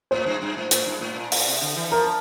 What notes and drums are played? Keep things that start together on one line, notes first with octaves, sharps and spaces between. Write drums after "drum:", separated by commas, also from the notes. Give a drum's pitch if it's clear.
A2 C5
G2
G2
A2
A2, drum: hi-hat
G2
A2
A#2
A#2, drum: open hi-hat
C3
D3
E3
F3 A#4